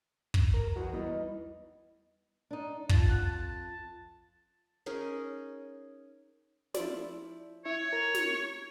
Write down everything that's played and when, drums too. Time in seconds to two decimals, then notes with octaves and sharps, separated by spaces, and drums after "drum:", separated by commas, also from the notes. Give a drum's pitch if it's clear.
0.34 drum: kick
0.54 A#4
0.76 E2 F#4
0.93 G3 B3 D#4
2.51 D4 D#4
2.89 F2 A5, drum: kick
3.09 F#5
3.25 A5
4.86 C#4 D#4 G#4 A#4
6.74 F3 E4 D5, drum: snare
7.65 E4 C#5
7.92 A#4
8.15 drum: snare